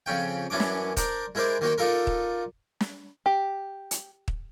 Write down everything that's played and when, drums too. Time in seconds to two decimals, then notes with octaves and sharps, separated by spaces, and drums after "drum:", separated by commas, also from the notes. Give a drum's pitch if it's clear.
0.06 F2 C#3 C#4 G5
0.50 F#2 E3 C#4 D4 D6
0.60 drum: snare
0.97 D4 A#4 C5 D5, drum: kick, hi-hat
1.35 G#3 E4 A#4 C5 D5
1.61 D#3 A#3 F#4 C5 G5
1.78 D4 D#4 F4 A4 A#4
2.07 drum: kick
2.81 drum: snare
3.26 G4
3.91 drum: hi-hat
4.28 drum: kick